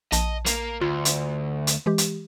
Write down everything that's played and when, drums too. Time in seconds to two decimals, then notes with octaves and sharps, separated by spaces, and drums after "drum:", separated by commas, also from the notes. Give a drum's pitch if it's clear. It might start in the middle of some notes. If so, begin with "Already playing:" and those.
0.12 A#1 D#5 A5, drum: hi-hat
0.46 A#3, drum: hi-hat
0.81 D2 F4
1.05 drum: hi-hat
1.67 drum: hi-hat
1.86 E3 G#3 G4
1.98 drum: hi-hat